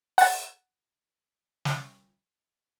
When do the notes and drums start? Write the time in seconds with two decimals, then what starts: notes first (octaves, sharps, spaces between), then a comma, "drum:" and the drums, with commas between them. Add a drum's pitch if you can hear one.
0.18 F#5 A6, drum: open hi-hat
1.65 drum: snare